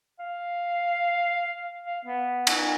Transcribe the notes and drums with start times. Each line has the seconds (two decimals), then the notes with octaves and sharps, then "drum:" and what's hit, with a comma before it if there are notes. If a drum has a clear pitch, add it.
0.19 F5
1.86 F5
2.05 B3
2.47 drum: cymbal